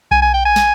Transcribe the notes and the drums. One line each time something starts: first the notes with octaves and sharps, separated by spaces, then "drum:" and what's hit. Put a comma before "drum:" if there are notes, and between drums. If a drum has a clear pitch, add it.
G#5, drum: kick B1
G#5
G5
G#5
drum: snare